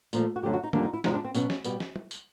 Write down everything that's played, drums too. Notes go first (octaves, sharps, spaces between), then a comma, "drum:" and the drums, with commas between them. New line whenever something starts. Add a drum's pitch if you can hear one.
A#2 F3 A3, drum: tambourine
F#4
F#2 D3 F3 A3 G4
F#4
D#4
F2 D3 G3 A#3 D4, drum: tom
D#4
E4
E2 C3 F3 G#3 D#4, drum: snare
D4
C4
B2 F#3 B3 C#4, drum: tambourine
drum: snare
B2 G3 B3, drum: tambourine
drum: snare
drum: tom
drum: tambourine